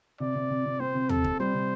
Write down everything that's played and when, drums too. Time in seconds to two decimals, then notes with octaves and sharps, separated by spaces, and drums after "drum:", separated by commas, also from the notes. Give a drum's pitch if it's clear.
0.20 C3 D5
0.35 C3
0.50 C3
0.65 C3
0.80 C4 C5
0.95 C3
1.09 C3 A4, drum: tom
1.24 C3, drum: kick D#1
1.40 G3 C5
1.54 C3